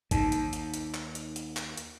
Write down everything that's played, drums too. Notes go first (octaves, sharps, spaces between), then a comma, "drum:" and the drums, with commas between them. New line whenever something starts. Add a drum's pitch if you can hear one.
D#2 D#4, drum: kick G#1, hi-hat
drum: hi-hat
drum: hi-hat
drum: hi-hat
drum: clap
drum: hi-hat
drum: hi-hat
drum: clap
drum: hi-hat